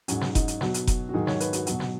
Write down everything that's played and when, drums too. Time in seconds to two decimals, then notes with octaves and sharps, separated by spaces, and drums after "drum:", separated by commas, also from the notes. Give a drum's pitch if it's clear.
0.08 G#2 F#3 C#4, drum: hi-hat
0.21 drum: snare
0.35 D#4, drum: kick F1, hi-hat
0.48 drum: hi-hat
0.61 B2 F#3 F#4, drum: snare
0.74 drum: hi-hat
0.87 drum: kick F1, hi-hat
1.09 F#4
1.13 G#2 D#3 F#3 G#4
1.27 C#5, drum: snare
1.40 B4, drum: hi-hat
1.53 F#4, drum: hi-hat
1.67 B2 F#3, drum: hi-hat
1.80 drum: snare